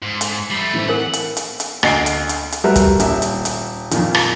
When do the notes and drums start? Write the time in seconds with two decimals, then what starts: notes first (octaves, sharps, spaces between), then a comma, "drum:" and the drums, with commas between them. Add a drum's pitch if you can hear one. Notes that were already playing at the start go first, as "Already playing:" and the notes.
0.03 G#2
0.21 drum: hi-hat
0.50 G3 A3 C7
0.73 A2 E3 C4
0.88 A#4 F#5 G#5
1.13 drum: hi-hat
1.37 drum: hi-hat
1.60 drum: hi-hat
1.83 D2 D#5 C7 D7, drum: rim click
2.06 drum: hi-hat
2.29 drum: hi-hat
2.52 drum: hi-hat
2.64 G3 A3 F#4 A#4 B4 E5
2.76 drum: kick, hi-hat
3.00 D#1 E5, drum: hi-hat
3.22 drum: hi-hat
3.45 drum: hi-hat
3.91 F2 A#2 D#3, drum: hi-hat
4.15 drum: rim click